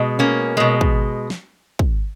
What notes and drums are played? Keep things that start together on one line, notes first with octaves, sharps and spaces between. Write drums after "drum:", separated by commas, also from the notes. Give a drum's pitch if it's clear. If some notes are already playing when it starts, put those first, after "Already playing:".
Already playing: B2 G#3
A#3 C#4
B2 G#3
drum: kick
drum: snare
drum: kick